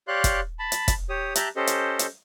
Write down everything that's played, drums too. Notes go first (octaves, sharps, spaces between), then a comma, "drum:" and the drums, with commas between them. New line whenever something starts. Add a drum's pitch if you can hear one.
G4 C#5 D5 F5 C6 F#6
drum: kick, hi-hat
A5 B5
drum: hi-hat
drum: kick, hi-hat
G4 C#5 D#6
G4 E5 A5 A#5 F#6 G6, drum: hi-hat
C#4 G4 A4 C5 D#5
drum: hi-hat
drum: hi-hat